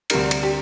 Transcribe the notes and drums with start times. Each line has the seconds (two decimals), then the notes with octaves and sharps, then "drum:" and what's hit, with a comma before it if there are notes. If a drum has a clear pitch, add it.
0.10 D2 C3 G3 D4 A#4, drum: cymbal
0.31 drum: cymbal
0.43 G4